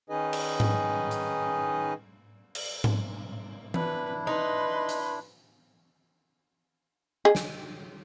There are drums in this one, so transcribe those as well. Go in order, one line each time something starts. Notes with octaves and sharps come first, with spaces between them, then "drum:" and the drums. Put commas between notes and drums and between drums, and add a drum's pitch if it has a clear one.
D#3 C#4 D#4 G#4 B4 D#5
drum: cymbal
drum: tom G#2
drum: hi-hat
drum: cymbal
drum: tom G#2
D4 E4 B4, drum: tom E3
D#4 B4 C6
drum: hi-hat
G#4 D#5
drum: snare